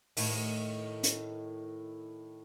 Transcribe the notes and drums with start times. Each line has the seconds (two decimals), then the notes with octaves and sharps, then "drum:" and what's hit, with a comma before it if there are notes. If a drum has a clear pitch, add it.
0.17 A2 D#3, drum: open hi-hat
1.04 drum: hi-hat